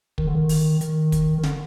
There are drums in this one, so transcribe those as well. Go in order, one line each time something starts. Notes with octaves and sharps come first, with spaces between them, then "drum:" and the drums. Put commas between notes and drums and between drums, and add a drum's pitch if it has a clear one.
D#3, drum: kick
D3
D#3
drum: open hi-hat
D#3, drum: hi-hat
drum: kick, hi-hat
D#3
D3, drum: snare